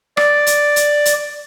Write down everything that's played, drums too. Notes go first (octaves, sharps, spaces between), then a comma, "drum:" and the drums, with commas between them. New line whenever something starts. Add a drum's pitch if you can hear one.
D5, drum: rim click
drum: hi-hat
drum: hi-hat
drum: hi-hat